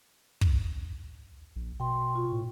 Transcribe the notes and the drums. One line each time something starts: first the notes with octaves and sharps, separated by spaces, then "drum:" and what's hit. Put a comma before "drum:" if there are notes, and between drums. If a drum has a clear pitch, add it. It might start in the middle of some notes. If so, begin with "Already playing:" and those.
drum: kick
A#1
B2 G5 C6
F4 C#6
A2